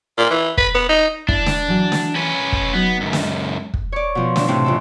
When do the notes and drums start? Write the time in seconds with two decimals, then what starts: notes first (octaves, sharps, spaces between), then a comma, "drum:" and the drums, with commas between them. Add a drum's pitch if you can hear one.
0.18 A#2
0.31 E3
0.57 B4, drum: kick
0.75 B3
0.89 D#4
1.28 D4 E4, drum: kick
1.46 drum: snare
1.68 E3 F#3
1.92 drum: snare
2.15 C#4 B4
2.52 drum: kick
2.73 F#3 B3 D#4
3.01 C#2 F#2
3.13 drum: snare
3.74 drum: kick
3.92 C#5 D5
4.15 B2 F3
4.36 E3 D4, drum: snare
4.48 A2 C3 E3 A3 C4 D4
4.64 F2 C#3 A4